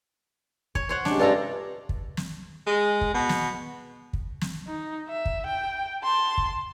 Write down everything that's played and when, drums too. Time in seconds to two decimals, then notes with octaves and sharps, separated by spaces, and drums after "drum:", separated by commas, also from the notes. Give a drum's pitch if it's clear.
0.75 C#5, drum: kick
0.89 C5 C#5 F#5
1.05 C3 G#3 C#4 D4, drum: snare
1.19 G2 F4 A4 A#5
1.89 drum: kick
2.17 drum: snare
2.67 G#3
3.01 drum: kick
3.14 B2
3.29 drum: snare
4.13 drum: kick
4.41 drum: snare
4.67 D#4
5.09 E5
5.25 drum: kick
5.46 G5
6.03 A5 C6
6.38 drum: kick